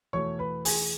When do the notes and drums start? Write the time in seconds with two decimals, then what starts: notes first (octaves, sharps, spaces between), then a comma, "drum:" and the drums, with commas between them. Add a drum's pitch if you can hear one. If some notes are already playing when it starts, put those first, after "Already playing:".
0.13 E2 B2 A3 C#5 C#6
0.39 B4 B5
0.65 G#4 G#5, drum: open hi-hat